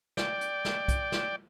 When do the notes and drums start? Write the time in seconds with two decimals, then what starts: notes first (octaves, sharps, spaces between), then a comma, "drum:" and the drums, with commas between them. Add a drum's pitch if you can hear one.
0.17 D5 G5, drum: snare
0.41 drum: hi-hat
0.65 drum: snare
0.88 drum: kick, hi-hat
1.12 drum: snare